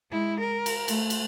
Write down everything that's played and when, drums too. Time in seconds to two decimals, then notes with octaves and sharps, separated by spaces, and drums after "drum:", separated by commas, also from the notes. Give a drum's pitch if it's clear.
0.11 G#3 E4
0.40 A#4
0.66 drum: cymbal
0.88 A3, drum: cymbal
1.10 drum: cymbal